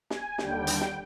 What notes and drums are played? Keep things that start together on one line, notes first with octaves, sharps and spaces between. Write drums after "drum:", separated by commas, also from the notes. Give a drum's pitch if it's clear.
G#5, drum: snare
D#2 D3 G3 G5, drum: snare
drum: hi-hat
drum: snare